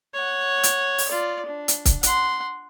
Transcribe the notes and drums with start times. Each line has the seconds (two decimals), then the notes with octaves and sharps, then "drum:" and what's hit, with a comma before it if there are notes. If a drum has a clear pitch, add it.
0.14 C#5 F#5
0.63 drum: hi-hat
0.98 drum: open hi-hat
1.08 F4 D5
1.46 D4
1.68 drum: hi-hat
1.85 drum: kick, hi-hat
2.03 F#5 C6, drum: hi-hat